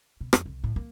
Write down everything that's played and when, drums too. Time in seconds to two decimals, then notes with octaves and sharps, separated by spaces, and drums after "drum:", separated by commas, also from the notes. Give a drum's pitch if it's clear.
0.21 B2
0.33 F2, drum: rim click
0.46 C2
0.64 A2
0.76 A#3